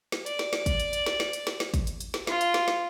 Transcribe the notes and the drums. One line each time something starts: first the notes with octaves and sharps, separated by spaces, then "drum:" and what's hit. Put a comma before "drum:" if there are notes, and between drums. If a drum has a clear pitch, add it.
drum: snare
D5, drum: hi-hat
drum: snare
drum: snare
drum: kick, hi-hat
drum: hi-hat
drum: hi-hat
drum: snare
drum: snare
drum: hi-hat
drum: snare
drum: snare
drum: kick, hi-hat
drum: hi-hat
drum: hi-hat
drum: snare
F4, drum: snare
drum: hi-hat
drum: snare
drum: snare